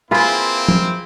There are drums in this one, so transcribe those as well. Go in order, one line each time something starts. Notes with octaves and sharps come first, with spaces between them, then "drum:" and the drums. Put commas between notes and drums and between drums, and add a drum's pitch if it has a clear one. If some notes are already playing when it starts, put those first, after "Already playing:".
A#3 C4 E4 F4 G#4 B4
drum: tom F3